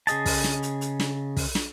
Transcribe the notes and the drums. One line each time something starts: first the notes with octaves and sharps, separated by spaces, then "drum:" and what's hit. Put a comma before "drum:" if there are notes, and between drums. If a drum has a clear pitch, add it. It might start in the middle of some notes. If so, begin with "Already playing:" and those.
C#3 G#4 D#5 A5, drum: hi-hat
drum: kick, open hi-hat
drum: snare
drum: hi-hat
drum: hi-hat
drum: snare
drum: kick, open hi-hat
drum: snare